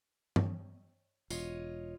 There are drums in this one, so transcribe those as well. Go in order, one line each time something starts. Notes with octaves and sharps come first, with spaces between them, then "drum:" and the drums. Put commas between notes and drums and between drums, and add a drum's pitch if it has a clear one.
drum: tom G2
E1 F4 C#5 D#5, drum: tambourine